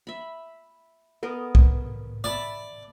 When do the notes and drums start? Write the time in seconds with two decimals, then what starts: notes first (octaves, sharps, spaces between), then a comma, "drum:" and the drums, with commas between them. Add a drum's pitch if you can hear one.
0.07 E5 B5
1.23 B3 A4 A#4 D#5
1.55 drum: kick C2
2.24 D5 E5 A5 B5